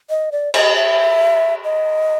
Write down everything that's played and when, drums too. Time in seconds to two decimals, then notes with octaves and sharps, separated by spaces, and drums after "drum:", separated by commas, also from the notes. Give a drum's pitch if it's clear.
0.10 D#5
0.32 D5
0.54 D#5, drum: cymbal
0.76 E5
1.64 D#5